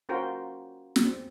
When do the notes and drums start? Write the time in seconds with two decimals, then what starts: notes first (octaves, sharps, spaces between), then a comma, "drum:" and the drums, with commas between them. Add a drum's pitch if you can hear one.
0.09 C#4 F4 F#4 A#4 C5 G5
0.96 drum: snare
1.05 C4